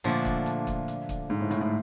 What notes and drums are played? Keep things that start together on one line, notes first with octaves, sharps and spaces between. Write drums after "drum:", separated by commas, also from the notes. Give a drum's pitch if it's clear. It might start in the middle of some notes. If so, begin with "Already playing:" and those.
A#2 D3 F3 A3 D4, drum: hi-hat
drum: kick, hi-hat
drum: hi-hat
drum: kick, hi-hat
drum: hi-hat
drum: kick, hi-hat
G#2
A2
A2, drum: hi-hat
A2